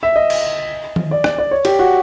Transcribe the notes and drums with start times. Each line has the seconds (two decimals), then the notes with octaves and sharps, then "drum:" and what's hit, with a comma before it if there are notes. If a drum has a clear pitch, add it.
0.03 E5
0.16 D#5
0.30 drum: cymbal
0.96 drum: tom D#3
1.11 D5
1.24 D5, drum: rim click
1.38 D5
1.51 C#5
1.65 G4, drum: cymbal
1.79 F#4